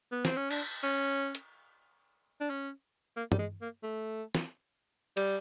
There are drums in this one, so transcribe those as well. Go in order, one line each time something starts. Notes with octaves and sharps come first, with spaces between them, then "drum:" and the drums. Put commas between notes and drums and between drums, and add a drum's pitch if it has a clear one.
B3
C4, drum: snare
C#4
D4, drum: cymbal
C#4
drum: hi-hat
D4
C#4
A#3
G3, drum: tom
G#3
A#3
A3
drum: snare
G3, drum: cymbal